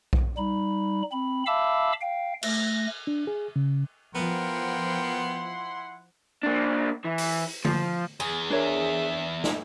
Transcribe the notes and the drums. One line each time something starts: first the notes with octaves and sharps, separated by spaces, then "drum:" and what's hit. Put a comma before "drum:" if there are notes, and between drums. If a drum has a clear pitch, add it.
drum: kick B1
G3 D#4 B5
C4 B5
E5 F5 A5 B5 D6 E6
F5 G5
A3 A#6, drum: cymbal
D4
G#4
C#3
F3 B3 E4 A#4 F#5 G5 C6
A#3 D4
E3
drum: open hi-hat
F3, drum: tom D3
E2 G#4
D4 A#4 C#5 E5
drum: snare